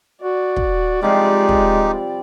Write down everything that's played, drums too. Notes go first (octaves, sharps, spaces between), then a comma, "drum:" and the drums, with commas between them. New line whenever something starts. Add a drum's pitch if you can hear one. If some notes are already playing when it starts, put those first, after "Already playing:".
F#4 D5
drum: kick
C3 F3 G3 G#3 D#4 G4
drum: kick